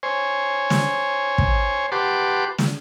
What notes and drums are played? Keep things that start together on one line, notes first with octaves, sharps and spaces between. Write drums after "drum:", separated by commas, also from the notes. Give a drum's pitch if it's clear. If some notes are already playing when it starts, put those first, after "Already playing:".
C5 C#5 G#5
drum: snare
drum: kick
G4 B4 F#5 A5 C6 D6
drum: snare